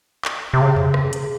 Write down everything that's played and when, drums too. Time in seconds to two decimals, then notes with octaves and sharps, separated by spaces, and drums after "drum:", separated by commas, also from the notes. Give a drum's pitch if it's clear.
0.25 drum: clap
0.54 C3
0.61 C#3
0.76 drum: tom E2
0.94 drum: rim click
1.13 drum: hi-hat